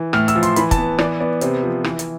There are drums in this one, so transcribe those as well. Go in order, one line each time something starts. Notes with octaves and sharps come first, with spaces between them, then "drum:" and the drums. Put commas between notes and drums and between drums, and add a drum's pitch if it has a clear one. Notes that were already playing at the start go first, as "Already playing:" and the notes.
Already playing: E3
A2 F6, drum: rim click
E6, drum: hi-hat
F3
C6, drum: hi-hat
E3 B5, drum: hi-hat
A5, drum: kick, hi-hat
B3
E3 D5, drum: rim click
B3 D5
C3 C5, drum: hi-hat
F3
E3, drum: rim click
drum: hi-hat